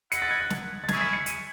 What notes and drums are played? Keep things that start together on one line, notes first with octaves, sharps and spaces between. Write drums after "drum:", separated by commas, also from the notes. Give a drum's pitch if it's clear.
E4 B4 D#5 F#5 C#7, drum: hi-hat
A6
G#6
F#6
drum: snare
A6
C#4 E4 G#4 C#5 G#6, drum: snare
B6
C#7
D#7, drum: hi-hat